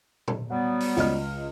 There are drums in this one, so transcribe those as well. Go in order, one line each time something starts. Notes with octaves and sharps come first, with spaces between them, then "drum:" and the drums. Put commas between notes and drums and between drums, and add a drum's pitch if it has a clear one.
drum: tom A#2
F#3 G3 B3 F#5
drum: open hi-hat
C#2 D#5 F6, drum: snare